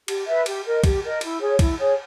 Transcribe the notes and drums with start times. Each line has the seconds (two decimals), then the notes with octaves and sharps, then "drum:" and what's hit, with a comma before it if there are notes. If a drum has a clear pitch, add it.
0.08 G4, drum: cymbal
0.27 B4 E5
0.46 G4, drum: cymbal
0.65 A#4 D#5
0.84 G4, drum: kick, cymbal
1.03 A#4 D#5
1.21 E4, drum: cymbal
1.40 G#4 C#5
1.59 E4, drum: kick, cymbal
1.78 G#4 C#5